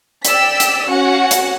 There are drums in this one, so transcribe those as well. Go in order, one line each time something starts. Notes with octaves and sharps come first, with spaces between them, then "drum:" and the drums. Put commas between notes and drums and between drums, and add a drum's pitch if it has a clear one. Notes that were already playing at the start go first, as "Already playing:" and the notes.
D5 G5 E6 B6, drum: hi-hat
drum: hi-hat
C#4 F#4 F#5 C#7
drum: hi-hat